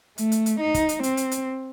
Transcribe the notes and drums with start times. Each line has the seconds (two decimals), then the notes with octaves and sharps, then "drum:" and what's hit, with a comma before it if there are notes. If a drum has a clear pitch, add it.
0.18 A3, drum: hi-hat
0.32 drum: hi-hat
0.46 drum: hi-hat
0.60 D#4
0.74 drum: kick, hi-hat
0.89 drum: hi-hat
1.03 C4, drum: hi-hat
1.17 drum: hi-hat
1.31 drum: hi-hat